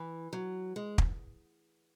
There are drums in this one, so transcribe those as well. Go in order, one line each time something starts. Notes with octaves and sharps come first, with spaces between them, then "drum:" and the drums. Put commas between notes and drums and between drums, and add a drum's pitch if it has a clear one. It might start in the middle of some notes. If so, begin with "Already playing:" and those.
Already playing: E3
F#3
G#3
drum: kick